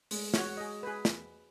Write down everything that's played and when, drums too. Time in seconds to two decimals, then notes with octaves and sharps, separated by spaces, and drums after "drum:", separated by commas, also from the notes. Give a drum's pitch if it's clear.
0.11 G#3, drum: open hi-hat
0.34 F#4 C#5, drum: snare
0.57 G#4 D#5
0.83 G#4 B4
1.05 drum: snare